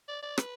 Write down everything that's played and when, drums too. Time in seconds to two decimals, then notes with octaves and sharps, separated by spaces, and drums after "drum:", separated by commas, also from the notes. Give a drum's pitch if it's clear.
0.08 D5
0.23 D5
0.38 B4, drum: rim click